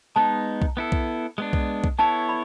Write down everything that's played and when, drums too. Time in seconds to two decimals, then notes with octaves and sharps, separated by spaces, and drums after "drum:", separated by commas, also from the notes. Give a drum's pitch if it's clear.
0.16 G#3 B3 D#4 A5
0.62 drum: kick B1
0.77 B3 E4 A4
0.92 drum: kick B1
1.38 G#3 B3 D4
1.53 drum: kick B1
1.84 drum: kick B1
1.99 B3 E4 A4 C#5 A5
2.29 B5